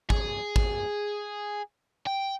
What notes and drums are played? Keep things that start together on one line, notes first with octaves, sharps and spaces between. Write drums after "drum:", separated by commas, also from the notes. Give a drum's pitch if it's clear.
G#4, drum: kick G#1
drum: kick G#1
G5